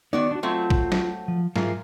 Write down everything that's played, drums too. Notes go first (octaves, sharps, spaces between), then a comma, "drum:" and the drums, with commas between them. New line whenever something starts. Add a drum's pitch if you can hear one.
D#3 B3 D#4 F#4 D5
D4 F#4
F#3 A3 C4 F4
drum: kick A#1
drum: snare
F3
G#2 E3 G#3 F4 A#4, drum: snare